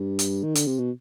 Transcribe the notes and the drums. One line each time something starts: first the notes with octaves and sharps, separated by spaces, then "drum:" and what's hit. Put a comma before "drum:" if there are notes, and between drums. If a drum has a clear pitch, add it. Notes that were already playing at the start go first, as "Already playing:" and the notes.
Already playing: G2
drum: hi-hat
D#3
D3, drum: hi-hat
C3
B2